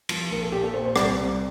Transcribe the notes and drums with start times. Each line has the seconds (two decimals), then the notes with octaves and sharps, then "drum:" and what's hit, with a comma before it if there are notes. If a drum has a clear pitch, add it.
0.09 F3, drum: cymbal
0.31 A#1 A#4
0.43 A4
0.52 A#2 G4
0.64 A4
0.74 A#2 C5
0.85 C5
0.96 C2 D5, drum: rim click
1.17 G3